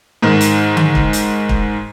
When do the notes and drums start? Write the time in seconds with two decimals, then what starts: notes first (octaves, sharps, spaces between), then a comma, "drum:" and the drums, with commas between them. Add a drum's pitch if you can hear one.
0.22 G#2 D#3
0.41 drum: hi-hat
0.77 drum: tom D3
0.95 drum: kick
1.13 drum: hi-hat
1.49 drum: kick